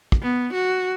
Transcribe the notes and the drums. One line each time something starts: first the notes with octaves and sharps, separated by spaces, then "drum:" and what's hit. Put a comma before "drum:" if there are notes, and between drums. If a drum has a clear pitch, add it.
drum: kick
B3
F#4